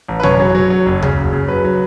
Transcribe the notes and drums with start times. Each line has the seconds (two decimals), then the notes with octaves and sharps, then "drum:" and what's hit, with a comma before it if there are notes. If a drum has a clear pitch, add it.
0.08 A1
0.20 B4
0.23 F#2 C#5, drum: tom B2
0.40 F#3
0.55 F#3
0.70 F#3
0.86 F#1
1.02 C#3, drum: tom D2
1.17 F#1
1.33 C#3
1.48 F#3 B4
1.64 F#3